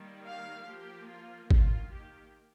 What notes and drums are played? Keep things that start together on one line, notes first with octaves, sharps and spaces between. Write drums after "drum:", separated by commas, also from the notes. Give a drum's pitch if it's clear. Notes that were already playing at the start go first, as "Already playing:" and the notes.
Already playing: D#3 G3 A#3
F5
F3 A#3 G4
F4
D#3 A#3 F4, drum: kick G#1
G4